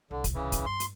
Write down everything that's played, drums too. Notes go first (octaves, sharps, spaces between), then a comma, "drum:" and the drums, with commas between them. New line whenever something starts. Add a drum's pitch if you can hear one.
C2 D3
drum: kick, hi-hat
C#3 E3
drum: kick, hi-hat
G2 C6
drum: hi-hat